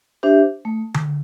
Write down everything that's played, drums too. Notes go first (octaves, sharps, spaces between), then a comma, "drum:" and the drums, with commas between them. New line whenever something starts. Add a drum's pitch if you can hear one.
D4 G4 C5 E5
A3
drum: tom D3